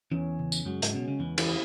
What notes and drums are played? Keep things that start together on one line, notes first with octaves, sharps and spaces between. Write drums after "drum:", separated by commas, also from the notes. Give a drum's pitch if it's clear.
E2 E3 C#4
C#3
drum: tambourine
F#2 F#3 G#3
G#2, drum: hi-hat
B2 C#4
C#3
E2 E3 B3
E2 E3, drum: cymbal
E4